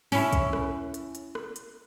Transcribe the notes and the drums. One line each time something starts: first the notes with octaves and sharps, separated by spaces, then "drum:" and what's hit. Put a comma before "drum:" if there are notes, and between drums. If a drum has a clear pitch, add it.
C#4 E4, drum: open hi-hat
drum: kick, hi-hat
drum: rim click
drum: hi-hat
drum: hi-hat
drum: rim click
drum: hi-hat